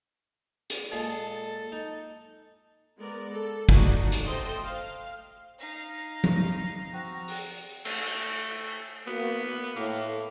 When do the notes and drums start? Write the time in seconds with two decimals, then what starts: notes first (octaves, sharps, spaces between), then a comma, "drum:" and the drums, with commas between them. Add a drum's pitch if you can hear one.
0.70 drum: hi-hat
0.92 A#2 G#3 G#4 A4
1.72 D#4
2.97 G#3 B3 A#4 D5
3.32 A4
3.69 D4 D#4 F#4, drum: kick
4.12 drum: hi-hat
4.26 A3 A4 C5 D#5 G5
4.64 F5
5.59 D#4 F5 A#6
6.24 drum: tom F3
6.93 C4 F#4 A#5
7.28 drum: open hi-hat
7.85 A3, drum: cymbal
9.07 A#3 B3 F#4
9.76 A2 A#3